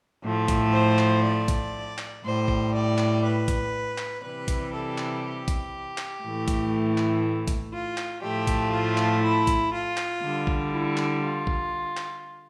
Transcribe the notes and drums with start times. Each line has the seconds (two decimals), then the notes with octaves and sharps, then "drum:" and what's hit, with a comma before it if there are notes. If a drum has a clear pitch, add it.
0.23 A2 F3 A3
0.48 drum: kick A1, hi-hat
0.73 C5
0.98 drum: clap
1.24 D5
1.48 drum: kick A1, hi-hat
1.98 drum: clap
2.23 A2 G3 C5
2.48 drum: kick A1
2.73 D5
2.98 drum: clap
3.23 B4
3.48 drum: kick A1, hi-hat
3.98 drum: clap
4.23 C3 E3 G3 B4
4.48 drum: kick A1, hi-hat
4.73 A4
4.98 drum: clap
5.23 G4
5.48 drum: kick A1, hi-hat
5.98 drum: clap
6.22 A2 E3 A3
6.48 drum: kick A1, hi-hat
6.98 drum: clap
7.48 drum: kick A1, hi-hat
7.73 F4
7.97 drum: clap
8.22 A2 F3 A3 G4
8.47 drum: kick A1, hi-hat
8.72 F4
8.97 drum: clap
9.23 E4
9.47 drum: kick A1, hi-hat
9.72 F4
9.97 drum: clap
10.22 D3 G3
10.47 drum: kick A1
10.72 E4
10.97 drum: clap
11.22 F4
11.47 drum: kick A1
11.97 drum: clap